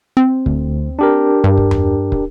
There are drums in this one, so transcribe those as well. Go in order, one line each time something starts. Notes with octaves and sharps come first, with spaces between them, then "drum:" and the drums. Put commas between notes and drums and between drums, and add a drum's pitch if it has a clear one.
C4
D2, drum: kick
D4 G4 A#4
G2
drum: kick
drum: tom E2
drum: kick